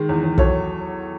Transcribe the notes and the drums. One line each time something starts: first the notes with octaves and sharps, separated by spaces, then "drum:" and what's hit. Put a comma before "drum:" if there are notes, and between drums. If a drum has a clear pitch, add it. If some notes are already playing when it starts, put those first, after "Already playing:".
Already playing: D#3 G#3
E2
E2
F#3 A4 C#5, drum: kick